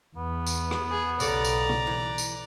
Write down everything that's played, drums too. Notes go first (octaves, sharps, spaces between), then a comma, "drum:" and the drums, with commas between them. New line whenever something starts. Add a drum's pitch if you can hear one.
E2 B3
drum: tambourine
drum: rim click
G#4
B1 C#3 A4 D5 A#5, drum: tambourine
drum: tambourine
drum: tom
E3
drum: tambourine